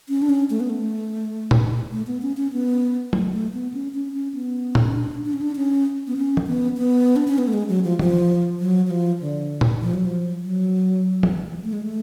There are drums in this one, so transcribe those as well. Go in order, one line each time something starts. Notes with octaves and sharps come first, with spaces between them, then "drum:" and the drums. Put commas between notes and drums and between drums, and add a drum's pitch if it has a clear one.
C#4
D4
C#4
A3
B3
A3
drum: tom
A3
B3
C#4
C#4
B3
A3, drum: tom
A3
B3
C#4
C#4
C#4
B3
drum: tom
C#4
D4
D4
C#4
D4
C#4
B3
C#4
drum: tom
B3
B3
D4
C#4
B3
A3
G#3
F#3
F3
F3, drum: tom
F#3
F#3
F3
D3
drum: tom
F3
F#3
F3
F#3
drum: tom
A3
G#3
A3